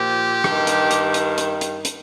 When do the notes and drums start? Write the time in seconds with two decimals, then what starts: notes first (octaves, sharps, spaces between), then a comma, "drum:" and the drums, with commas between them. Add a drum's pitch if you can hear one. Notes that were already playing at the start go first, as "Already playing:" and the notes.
Already playing: A#2 F3 G4
0.44 G2 D#3, drum: rim click
0.67 drum: hi-hat
0.91 drum: hi-hat
1.14 drum: hi-hat
1.38 drum: hi-hat
1.61 drum: hi-hat
1.85 drum: hi-hat